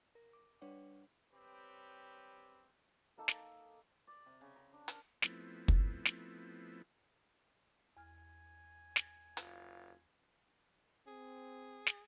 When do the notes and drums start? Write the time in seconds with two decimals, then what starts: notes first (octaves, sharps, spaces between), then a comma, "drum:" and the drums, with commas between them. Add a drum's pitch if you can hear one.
0.15 A#4
0.33 D6
0.61 G3 D4 B4 C#5 F#5
1.32 G3 C4 G4 B4 C#5
3.18 A#3 D#4 A4
3.28 drum: snare
4.07 D5
4.26 C3
4.41 C#3
4.56 A#5
4.73 D4
4.88 A#4, drum: hi-hat
5.22 F3 A3 B3 C4 E4, drum: snare
5.68 drum: kick
6.05 drum: snare
7.97 E2 G#5 F6
8.96 drum: snare
9.37 F#1 F4, drum: hi-hat
11.07 C4 G#4
11.86 drum: snare